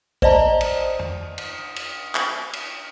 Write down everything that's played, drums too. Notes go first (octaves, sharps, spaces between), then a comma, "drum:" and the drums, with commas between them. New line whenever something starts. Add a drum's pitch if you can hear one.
C5 D5 D#5 A5 A#5, drum: kick
drum: cymbal
drum: tom F2
drum: cymbal
drum: cymbal
drum: clap
drum: cymbal